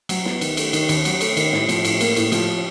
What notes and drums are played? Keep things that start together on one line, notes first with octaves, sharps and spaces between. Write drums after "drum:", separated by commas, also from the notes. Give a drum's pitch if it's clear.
F#3, drum: cymbal
B3, drum: snare
D#3, drum: cymbal
A3, drum: cymbal
D#3, drum: cymbal
D#2, drum: cymbal
F#3, drum: cymbal
A3, drum: cymbal
D#3, drum: cymbal
A2, drum: snare
F3, drum: cymbal
A2, drum: cymbal
A#3, drum: cymbal
A2, drum: cymbal
F3, drum: cymbal